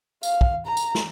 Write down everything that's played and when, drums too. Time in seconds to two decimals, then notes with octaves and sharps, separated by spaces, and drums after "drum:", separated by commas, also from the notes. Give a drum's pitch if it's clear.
0.23 F5, drum: tambourine
0.41 drum: kick
0.66 A#5
0.77 drum: tambourine
0.95 drum: snare